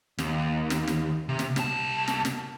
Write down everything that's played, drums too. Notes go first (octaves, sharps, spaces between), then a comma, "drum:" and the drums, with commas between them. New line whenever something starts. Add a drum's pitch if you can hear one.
D#2, drum: snare
drum: snare
drum: snare
C3
drum: snare
C2 A5, drum: snare
drum: snare
drum: snare